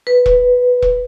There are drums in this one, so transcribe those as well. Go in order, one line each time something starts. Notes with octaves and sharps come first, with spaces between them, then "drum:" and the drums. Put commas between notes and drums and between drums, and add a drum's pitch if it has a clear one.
B4
drum: kick E1
drum: kick E1